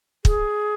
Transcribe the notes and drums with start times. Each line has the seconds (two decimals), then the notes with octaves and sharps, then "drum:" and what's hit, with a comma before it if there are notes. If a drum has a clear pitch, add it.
0.25 G#4, drum: kick